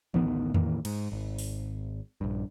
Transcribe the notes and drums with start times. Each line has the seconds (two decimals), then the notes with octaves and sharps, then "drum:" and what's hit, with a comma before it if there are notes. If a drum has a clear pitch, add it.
0.14 A1 D2 D#3 B3, drum: tom E3
0.54 A2 D#3 E3 A#3, drum: tom E2
0.85 G#2, drum: cymbal
1.12 G#1
1.38 drum: open hi-hat
2.21 A#1 G2